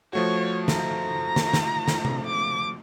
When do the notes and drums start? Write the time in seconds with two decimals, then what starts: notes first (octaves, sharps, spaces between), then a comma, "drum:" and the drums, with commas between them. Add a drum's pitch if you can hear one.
0.13 F3 A3 F#4 C#5
0.68 A#5, drum: snare
1.36 drum: snare
1.53 drum: snare
1.88 drum: snare
2.05 drum: tom C3
2.26 D6